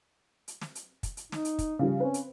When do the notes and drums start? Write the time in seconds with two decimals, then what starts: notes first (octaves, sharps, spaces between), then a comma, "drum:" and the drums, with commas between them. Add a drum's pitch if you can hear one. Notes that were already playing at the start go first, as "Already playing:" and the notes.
0.48 drum: hi-hat
0.61 drum: snare
0.75 drum: hi-hat
1.03 drum: kick, hi-hat
1.17 drum: hi-hat
1.32 D#4, drum: snare
1.45 drum: hi-hat
1.59 drum: kick, hi-hat
1.79 C#3 F3 G3
2.00 C4 C#4 B4
2.14 drum: hi-hat